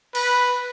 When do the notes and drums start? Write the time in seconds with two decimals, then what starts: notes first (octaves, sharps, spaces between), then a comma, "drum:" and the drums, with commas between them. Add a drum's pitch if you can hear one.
0.15 B4, drum: cymbal